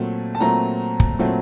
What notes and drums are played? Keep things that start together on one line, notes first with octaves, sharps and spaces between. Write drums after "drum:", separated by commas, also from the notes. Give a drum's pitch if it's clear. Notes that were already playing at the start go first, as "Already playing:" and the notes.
Already playing: A#2 F#3 A3 C4
A5
A#2 F#3 A3 C4 A#5
drum: kick
A#2 F#3 A3 C4